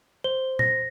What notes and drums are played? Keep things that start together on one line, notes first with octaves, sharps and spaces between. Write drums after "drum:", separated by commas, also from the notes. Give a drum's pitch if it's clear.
C5 G7
A#6, drum: tom A#2